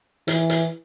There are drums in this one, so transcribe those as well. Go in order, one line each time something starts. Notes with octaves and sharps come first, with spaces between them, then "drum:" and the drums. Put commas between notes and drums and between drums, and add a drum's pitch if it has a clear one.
E3, drum: hi-hat
drum: hi-hat